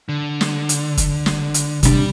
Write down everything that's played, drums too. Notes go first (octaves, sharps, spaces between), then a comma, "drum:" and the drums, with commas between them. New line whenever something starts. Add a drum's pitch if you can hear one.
D3
drum: snare
drum: hi-hat
drum: kick, hi-hat
drum: snare
drum: hi-hat
C3 G3 D4, drum: kick, hi-hat